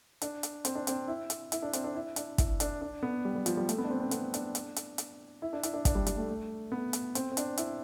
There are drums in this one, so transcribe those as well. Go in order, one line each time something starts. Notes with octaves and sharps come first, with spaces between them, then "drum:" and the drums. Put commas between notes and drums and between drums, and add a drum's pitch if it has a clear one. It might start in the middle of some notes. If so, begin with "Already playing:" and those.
D4, drum: hi-hat
drum: hi-hat
C4, drum: hi-hat
D4
C4, drum: hi-hat
E4
drum: hi-hat
E4, drum: hi-hat
D4
C4, drum: hi-hat
D4
E4
D4, drum: hi-hat
E4, drum: kick, hi-hat
D4, drum: hi-hat
D4
B3
G3
G3
F3, drum: hi-hat
G3
A3, drum: hi-hat
B3
D4
C4
C4
B3, drum: hi-hat
D4, drum: hi-hat
drum: hi-hat
drum: hi-hat
drum: hi-hat
E4
D4
E4, drum: hi-hat
D4
D4, drum: kick, hi-hat
G3
G3, drum: hi-hat
A3
A3
B3
drum: hi-hat
C4, drum: hi-hat
C4
D4, drum: hi-hat
E4, drum: hi-hat